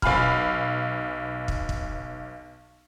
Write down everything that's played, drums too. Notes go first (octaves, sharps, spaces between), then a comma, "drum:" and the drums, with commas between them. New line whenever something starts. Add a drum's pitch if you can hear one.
B1 F5 G#5 B5 F6, drum: kick
drum: kick
drum: kick